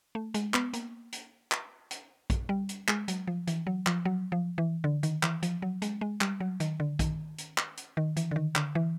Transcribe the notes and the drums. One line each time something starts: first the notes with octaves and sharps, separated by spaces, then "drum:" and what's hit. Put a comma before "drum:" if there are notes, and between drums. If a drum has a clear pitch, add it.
A3
G#3, drum: hi-hat
B3, drum: clap
A#3, drum: hi-hat
drum: hi-hat
drum: clap
drum: hi-hat
drum: kick, hi-hat
G3
drum: hi-hat
G#3, drum: clap
F#3, drum: hi-hat
F3
E3, drum: hi-hat
F#3
F3, drum: clap
F#3
F3
E3
D3
D#3, drum: hi-hat
E3, drum: clap
F3, drum: hi-hat
F#3
G#3, drum: hi-hat
G#3
G3, drum: clap
F#3
D#3, drum: hi-hat
D3
D#3, drum: kick, hi-hat
drum: hi-hat
drum: clap
drum: hi-hat
D#3
E3, drum: hi-hat
D3
D#3
D3, drum: clap
E3